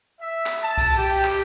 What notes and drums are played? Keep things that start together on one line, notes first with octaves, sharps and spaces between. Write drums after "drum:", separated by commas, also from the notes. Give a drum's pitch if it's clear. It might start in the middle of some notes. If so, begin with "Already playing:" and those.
E5
drum: clap
A5
drum: kick B1, cymbal
G4
drum: cymbal
drum: clap